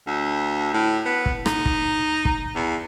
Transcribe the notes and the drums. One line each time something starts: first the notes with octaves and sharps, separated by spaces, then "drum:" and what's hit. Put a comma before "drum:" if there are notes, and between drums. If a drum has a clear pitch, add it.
D2
A2
B3
drum: kick
D#4, drum: rim click
drum: kick
drum: kick
E2